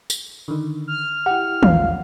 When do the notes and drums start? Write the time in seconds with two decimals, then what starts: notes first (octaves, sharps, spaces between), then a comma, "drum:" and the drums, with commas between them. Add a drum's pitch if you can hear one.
0.10 drum: tambourine
0.48 D3 D#3
0.88 F6
1.26 E4 G4 F#5
1.63 A#1 E2 F3 F5, drum: tom